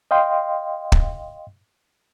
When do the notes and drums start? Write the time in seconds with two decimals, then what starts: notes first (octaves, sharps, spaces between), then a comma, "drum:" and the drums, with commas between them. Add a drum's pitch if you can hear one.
0.11 D#5 F5 G5 C6
0.92 drum: kick